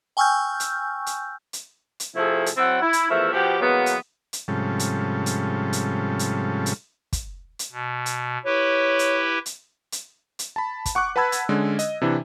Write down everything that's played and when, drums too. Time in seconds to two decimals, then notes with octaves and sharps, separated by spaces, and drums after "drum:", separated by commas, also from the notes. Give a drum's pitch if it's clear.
0.17 G5 G#5 C#6 E6 F6 G6
0.60 drum: hi-hat
1.06 drum: hi-hat
1.53 drum: hi-hat
2.00 drum: hi-hat
2.16 C3 F3 A3 E4 G#4 A4
2.46 drum: hi-hat
2.58 F#3 C4 E4 A4 F#5
2.82 E4
2.93 drum: hi-hat
3.11 E2 F3 A3 A#4 E5
3.33 B2 F3 B3 G4
3.60 E3 F#3 G#3 A#3 B3
3.86 drum: hi-hat
4.33 drum: hi-hat
4.48 G#2 C3 F3 G3 C#4 A4
4.79 drum: hi-hat
5.26 drum: hi-hat
5.73 drum: hi-hat
6.19 drum: hi-hat
6.66 drum: hi-hat
7.13 drum: kick, hi-hat
7.59 drum: hi-hat
7.72 B2
8.06 drum: hi-hat
8.45 E4 G4 B4 C#5
8.99 drum: hi-hat
9.46 drum: hi-hat
9.92 drum: hi-hat
10.39 drum: hi-hat
10.56 A5 B5
10.85 drum: kick, hi-hat
10.95 F#5 C#6 D6 F#6
11.16 B4 F#5 A5 B5 E6 G#6
11.32 drum: hi-hat
11.49 D3 G#3 C#4
11.79 D#5, drum: hi-hat
12.01 C3 E3 D4 E4